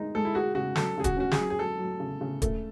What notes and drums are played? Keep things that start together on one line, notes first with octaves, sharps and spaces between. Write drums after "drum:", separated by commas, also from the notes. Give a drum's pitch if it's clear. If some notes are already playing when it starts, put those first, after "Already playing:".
Already playing: G#3 D#4
G#3 A4
E4
F#4 G#4
C#3 F#4
F#3 A4, drum: snare
C#3 G#4
F#4, drum: kick, hi-hat
C#4 F#4
G#4, drum: snare
F#3
G#4
F#3 A4
F#3
C#3
C#3
A3, drum: kick, hi-hat